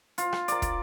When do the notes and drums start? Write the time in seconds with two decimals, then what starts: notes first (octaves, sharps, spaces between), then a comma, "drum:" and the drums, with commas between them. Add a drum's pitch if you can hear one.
0.18 F4, drum: hi-hat
0.33 drum: rim click
0.48 A#4 D5, drum: hi-hat
0.62 drum: kick, hi-hat